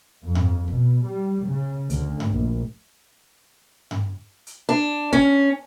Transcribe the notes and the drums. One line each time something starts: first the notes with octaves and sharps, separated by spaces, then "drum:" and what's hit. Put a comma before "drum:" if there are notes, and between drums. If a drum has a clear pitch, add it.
F2
drum: tom G2
B2, drum: kick
G3
C#3
D2, drum: hi-hat
drum: tom G2
A#1
drum: tom G2
drum: hi-hat
D4
C#4, drum: kick